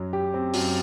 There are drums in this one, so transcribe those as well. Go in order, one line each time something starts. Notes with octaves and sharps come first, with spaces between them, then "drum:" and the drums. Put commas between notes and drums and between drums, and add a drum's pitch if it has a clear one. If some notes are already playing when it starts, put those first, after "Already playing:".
Already playing: F#2 F#3
G4
C4
F#2, drum: open hi-hat